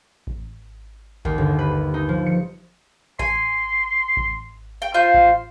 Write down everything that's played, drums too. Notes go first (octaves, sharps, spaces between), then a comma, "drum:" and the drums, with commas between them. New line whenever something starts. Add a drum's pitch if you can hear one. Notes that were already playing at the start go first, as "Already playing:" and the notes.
drum: kick A1
D#2, drum: kick A1
G1
B4
D#4
F3
C#7
G#5 C6, drum: kick A1
drum: kick A1
G5
F4 C5 G6
drum: kick A1